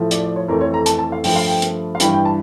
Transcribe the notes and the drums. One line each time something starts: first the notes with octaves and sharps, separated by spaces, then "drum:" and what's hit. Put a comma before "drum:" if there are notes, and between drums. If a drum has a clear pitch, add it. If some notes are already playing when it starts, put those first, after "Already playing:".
Already playing: A2 F3 A3
D5, drum: hi-hat
D5
C#5
F2 E3 A3 A#4
C#5
A#5
A5, drum: hi-hat
A5
F5
G2 F3 A3 G5, drum: open hi-hat
F5
G5
drum: hi-hat
F5
G2 E3 G3 G5, drum: hi-hat
G5
A5